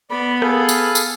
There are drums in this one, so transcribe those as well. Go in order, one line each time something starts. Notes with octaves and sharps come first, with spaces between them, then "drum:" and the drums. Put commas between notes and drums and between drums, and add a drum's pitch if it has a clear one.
B3 D5 B5
G#4 A4 F5, drum: rim click
drum: tambourine
drum: tambourine